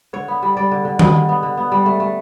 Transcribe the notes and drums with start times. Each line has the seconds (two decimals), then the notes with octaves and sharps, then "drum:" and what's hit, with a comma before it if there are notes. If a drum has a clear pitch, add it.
0.13 D3 C#5
0.28 B3
0.42 G3
0.57 G3 D5
0.72 D3
0.85 D3
0.99 G3 D#5, drum: tom D#3
1.14 D3
1.29 B3
1.43 D3
1.57 B3
1.72 G3
1.86 A3
2.00 A3